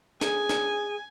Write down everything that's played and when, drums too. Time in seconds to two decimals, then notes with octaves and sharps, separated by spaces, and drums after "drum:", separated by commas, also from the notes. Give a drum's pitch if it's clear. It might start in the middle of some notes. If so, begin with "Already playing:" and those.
0.21 G#4 G#5, drum: snare
0.49 drum: snare